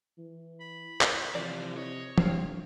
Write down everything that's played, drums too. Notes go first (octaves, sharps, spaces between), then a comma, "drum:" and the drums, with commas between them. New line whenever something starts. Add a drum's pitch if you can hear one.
E3
B5
F5, drum: clap
C3 E3 F3 D5 F5
C#5 D#5
G2 F3 C4 F5, drum: tom